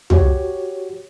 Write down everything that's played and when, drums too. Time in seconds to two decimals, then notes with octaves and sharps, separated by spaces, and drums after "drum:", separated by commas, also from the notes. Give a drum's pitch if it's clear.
0.10 F#4 G4 C#5, drum: tom